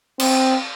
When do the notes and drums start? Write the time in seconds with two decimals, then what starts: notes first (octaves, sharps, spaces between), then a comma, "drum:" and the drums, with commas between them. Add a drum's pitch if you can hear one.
0.20 C4, drum: cymbal